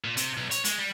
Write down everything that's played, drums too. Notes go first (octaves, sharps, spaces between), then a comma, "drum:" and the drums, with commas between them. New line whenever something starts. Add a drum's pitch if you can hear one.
A#2
C3, drum: hi-hat
B1
C#5, drum: hi-hat
G#3, drum: hi-hat
G3